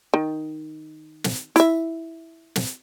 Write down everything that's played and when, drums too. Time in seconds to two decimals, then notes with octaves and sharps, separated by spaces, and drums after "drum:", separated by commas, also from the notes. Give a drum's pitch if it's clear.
0.14 D#3
1.24 drum: snare
1.56 E4 E5, drum: hi-hat
2.56 drum: snare